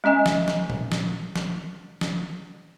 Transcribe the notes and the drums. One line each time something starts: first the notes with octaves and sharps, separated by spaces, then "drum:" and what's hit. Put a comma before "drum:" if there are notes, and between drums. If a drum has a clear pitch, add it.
G#3 C#4 D#5 G#5
drum: snare
drum: snare
drum: tom A#2
drum: snare
drum: snare
drum: snare